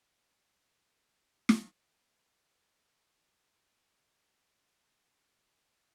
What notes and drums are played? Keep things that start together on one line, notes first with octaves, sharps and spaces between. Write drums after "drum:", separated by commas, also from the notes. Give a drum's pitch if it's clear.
A#4 B4 E6
drum: snare
B3 C5 D#5 A#5 C6